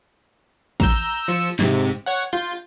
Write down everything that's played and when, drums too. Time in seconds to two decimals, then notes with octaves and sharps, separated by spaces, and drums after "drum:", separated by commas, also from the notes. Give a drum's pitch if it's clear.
0.80 A#5 E6 G6, drum: kick, cymbal
1.28 F3 E6 C#7
1.59 G#2 C3, drum: snare
2.06 C#5 F#5
2.33 F4 G6